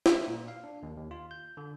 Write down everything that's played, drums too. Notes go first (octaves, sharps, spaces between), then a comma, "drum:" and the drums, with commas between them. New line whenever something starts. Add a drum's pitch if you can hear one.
E5, drum: snare
A#2
F5
D4
D#2
D#2
F4
G6
D3